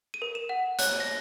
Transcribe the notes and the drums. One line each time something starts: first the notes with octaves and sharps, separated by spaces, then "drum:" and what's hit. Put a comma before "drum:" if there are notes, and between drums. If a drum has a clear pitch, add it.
D#7
A#4
E7
F#5
C#5 F#6, drum: hi-hat
A#6